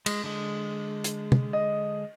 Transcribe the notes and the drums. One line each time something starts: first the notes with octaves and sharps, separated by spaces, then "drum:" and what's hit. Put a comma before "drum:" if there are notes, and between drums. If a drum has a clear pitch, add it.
G#3, drum: cymbal
D3 G#3
drum: hi-hat
drum: tom
D#5